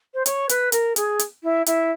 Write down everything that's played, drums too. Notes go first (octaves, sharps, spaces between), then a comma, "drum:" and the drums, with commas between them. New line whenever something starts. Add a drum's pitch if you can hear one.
C5
C#5, drum: hi-hat
B4, drum: hi-hat
A#4, drum: hi-hat
G#4, drum: hi-hat
drum: hi-hat
E4
E4, drum: hi-hat